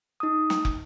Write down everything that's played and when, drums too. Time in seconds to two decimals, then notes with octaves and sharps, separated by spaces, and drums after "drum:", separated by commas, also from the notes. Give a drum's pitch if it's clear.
0.20 D#4 D#6
0.50 drum: snare
0.65 drum: kick